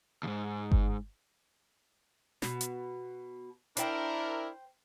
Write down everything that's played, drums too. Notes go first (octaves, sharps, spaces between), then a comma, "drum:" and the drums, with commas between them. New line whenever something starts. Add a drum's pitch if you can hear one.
D#2 G#2
drum: kick G1
B2, drum: snare
drum: hi-hat
D4 E4 A#4 C5 G5, drum: hi-hat